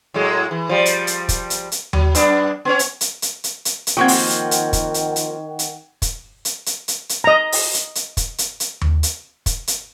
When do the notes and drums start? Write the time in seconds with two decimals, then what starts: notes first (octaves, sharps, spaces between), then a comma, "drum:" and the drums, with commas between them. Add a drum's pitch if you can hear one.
0.14 A2 F#3 G#3
0.51 E3
0.69 F3 G3
0.86 drum: hi-hat
1.07 drum: hi-hat
1.29 drum: kick, hi-hat
1.50 drum: hi-hat
1.72 drum: hi-hat
1.93 F#3, drum: tom D#2
2.15 F#2 B3 D4, drum: hi-hat
2.65 B3 C#4 C#5
2.79 drum: hi-hat
3.01 drum: hi-hat
3.22 drum: hi-hat
3.44 drum: hi-hat
3.65 drum: hi-hat
3.87 drum: hi-hat
3.97 D#3 F3 A#3 C4 F#5 G5 C#6 G#6
4.08 drum: open hi-hat
4.30 drum: hi-hat
4.51 drum: hi-hat
4.73 drum: kick, hi-hat
4.94 drum: hi-hat
5.16 drum: hi-hat
5.59 drum: hi-hat
6.02 drum: kick, hi-hat
6.45 drum: hi-hat
6.66 drum: hi-hat
6.88 drum: hi-hat
7.09 drum: hi-hat
7.24 D#5 A#5
7.52 drum: open hi-hat
7.74 drum: hi-hat
7.95 drum: hi-hat
8.17 drum: kick, hi-hat
8.38 drum: hi-hat
8.60 drum: hi-hat
8.81 drum: tom D#2
9.03 drum: hi-hat
9.46 drum: kick, hi-hat
9.67 drum: hi-hat